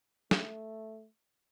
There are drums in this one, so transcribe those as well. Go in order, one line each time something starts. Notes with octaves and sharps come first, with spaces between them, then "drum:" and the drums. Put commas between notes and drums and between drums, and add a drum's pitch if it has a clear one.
A3, drum: snare